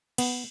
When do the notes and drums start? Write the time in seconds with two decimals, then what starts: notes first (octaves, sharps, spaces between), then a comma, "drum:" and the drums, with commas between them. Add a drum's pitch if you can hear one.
0.18 B3, drum: cymbal